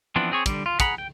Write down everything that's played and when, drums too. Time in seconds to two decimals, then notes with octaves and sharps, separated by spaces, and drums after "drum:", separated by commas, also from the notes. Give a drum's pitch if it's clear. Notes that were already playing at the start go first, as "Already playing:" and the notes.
0.16 E3 F3 B3 C4 D4
0.32 C4 G#4 C#5
0.46 D3 G3, drum: kick, hi-hat
0.66 F4
0.80 G#4 F#5 A#5 B5, drum: kick, hi-hat
0.98 G5